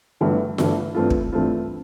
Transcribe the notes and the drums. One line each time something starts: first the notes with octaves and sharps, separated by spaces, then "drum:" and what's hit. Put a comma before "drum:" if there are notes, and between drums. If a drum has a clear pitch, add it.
G1 G2 E3 A3
G1 G2 E3 A3, drum: snare F4
G2 E3 A3 C4 F4
drum: kick
G2 E3 A3 C4 F4